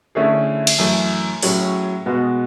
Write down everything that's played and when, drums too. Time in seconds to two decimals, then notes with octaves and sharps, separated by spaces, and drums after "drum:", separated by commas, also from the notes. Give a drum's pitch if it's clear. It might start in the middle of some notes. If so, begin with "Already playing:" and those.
0.15 D3 A3 C#4 E4 G#4
0.67 drum: cymbal
0.78 F#2 E3 A3
1.42 A2 F#3 C#4 G#4 C#5, drum: open hi-hat
2.06 B2 G#3 B3 F#4